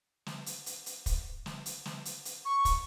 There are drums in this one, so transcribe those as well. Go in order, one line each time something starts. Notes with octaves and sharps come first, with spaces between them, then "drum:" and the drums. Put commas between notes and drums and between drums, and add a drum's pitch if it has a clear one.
drum: snare
drum: hi-hat
drum: hi-hat
drum: hi-hat
drum: kick, hi-hat
drum: snare
drum: hi-hat
drum: snare
drum: hi-hat
drum: hi-hat
C#6
drum: kick, hi-hat